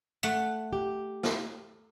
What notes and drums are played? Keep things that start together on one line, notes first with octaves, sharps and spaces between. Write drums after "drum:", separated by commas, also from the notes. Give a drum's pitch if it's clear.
A3 F#5
G4
drum: snare